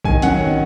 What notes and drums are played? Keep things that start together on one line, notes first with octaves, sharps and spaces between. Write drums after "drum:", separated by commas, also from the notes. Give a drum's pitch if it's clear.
D#3 G#5, drum: kick
F#3 C#4 F#5, drum: hi-hat
D#3